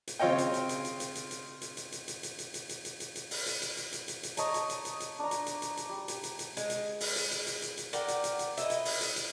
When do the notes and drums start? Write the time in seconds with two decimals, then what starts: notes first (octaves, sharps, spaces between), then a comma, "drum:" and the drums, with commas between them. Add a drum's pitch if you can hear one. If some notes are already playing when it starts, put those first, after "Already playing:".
0.07 drum: hi-hat
0.19 C#3 C4 F4 C#5 D#5 G5
0.38 drum: hi-hat
0.54 drum: hi-hat
0.69 drum: hi-hat
0.84 drum: hi-hat
1.00 drum: hi-hat
1.15 drum: hi-hat
1.31 drum: hi-hat
1.61 drum: hi-hat
1.77 drum: hi-hat
1.92 drum: hi-hat
2.08 drum: hi-hat
2.23 drum: hi-hat
2.38 drum: hi-hat
2.54 drum: hi-hat
2.69 drum: hi-hat
2.85 drum: hi-hat
3.00 drum: hi-hat
3.15 drum: hi-hat
3.31 drum: open hi-hat
3.46 drum: hi-hat
3.62 drum: hi-hat
3.77 drum: hi-hat
3.92 drum: hi-hat
4.08 drum: hi-hat
4.23 drum: hi-hat
4.37 C#5 D#5 A5 A#5, drum: hi-hat
4.54 drum: hi-hat
4.69 drum: hi-hat
4.85 drum: hi-hat
5.00 drum: hi-hat
5.19 D4 A#5
5.31 drum: hi-hat
5.46 drum: hi-hat
5.62 drum: hi-hat
5.77 drum: hi-hat
5.89 G3
6.08 drum: hi-hat
6.23 drum: hi-hat
6.39 drum: hi-hat
6.57 G#3, drum: hi-hat
6.70 drum: hi-hat
7.00 drum: open hi-hat
7.16 drum: hi-hat
7.31 drum: hi-hat
7.47 drum: hi-hat
7.62 drum: hi-hat
7.77 drum: hi-hat
7.93 A#4 D5 F#5 G5, drum: hi-hat
8.08 drum: hi-hat
8.24 drum: hi-hat
8.39 drum: hi-hat
8.57 E4 D#5, drum: hi-hat
8.70 drum: hi-hat
8.85 drum: open hi-hat
9.01 drum: hi-hat
9.16 drum: hi-hat